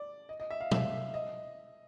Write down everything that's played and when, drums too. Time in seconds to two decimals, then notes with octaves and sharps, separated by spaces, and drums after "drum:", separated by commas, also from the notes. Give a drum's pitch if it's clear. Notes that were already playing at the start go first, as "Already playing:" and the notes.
Already playing: D5
0.29 D#5
0.40 D#5
0.51 E5
0.61 F5
0.71 E5, drum: tom
1.14 D#5